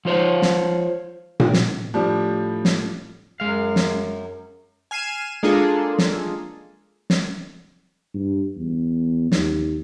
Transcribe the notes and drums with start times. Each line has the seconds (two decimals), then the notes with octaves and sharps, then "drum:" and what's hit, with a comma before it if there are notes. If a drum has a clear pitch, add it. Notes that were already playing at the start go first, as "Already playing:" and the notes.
0.05 F3 F4 C5 C#5
0.42 drum: snare
1.40 drum: tom A#2
1.54 drum: snare
1.94 A2 F3 G3 D4
2.65 drum: snare
3.40 F#2 G#3 F5
3.76 drum: snare
4.91 G#5 F6 C7 D#7 E7
5.43 G#3 A#3 D4 F4 G#4 A4
5.98 drum: snare
7.10 drum: snare
8.14 G2
8.57 E2
9.32 D#2, drum: snare